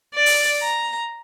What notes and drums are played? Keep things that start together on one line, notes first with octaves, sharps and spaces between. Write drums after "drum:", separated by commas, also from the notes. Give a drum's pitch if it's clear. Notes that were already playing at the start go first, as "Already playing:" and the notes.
D5
drum: open hi-hat
A#5